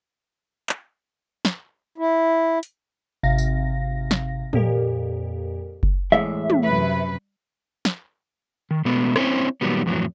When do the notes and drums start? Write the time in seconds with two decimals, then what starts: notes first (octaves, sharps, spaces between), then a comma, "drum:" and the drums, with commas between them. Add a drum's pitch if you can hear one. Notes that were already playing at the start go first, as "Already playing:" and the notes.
0.69 drum: clap
1.45 drum: snare
1.98 E4
2.63 drum: hi-hat
3.23 G#1 C3 F5 A#6
3.38 drum: tambourine
4.11 drum: snare
4.53 F2 A#2 G4 A#4, drum: tom
5.83 drum: kick F#1
6.12 E2 A2 G#3 E5
6.50 drum: tom
6.62 F#2 C3 B4
7.85 drum: snare
8.71 D#3
8.85 B2 G#3 A3 B3
9.16 C4 C#4 E4 C5 C#5, drum: rim click
9.61 A#2 D#3 F#3 G3 B3
9.86 F2 A2 E3 F#3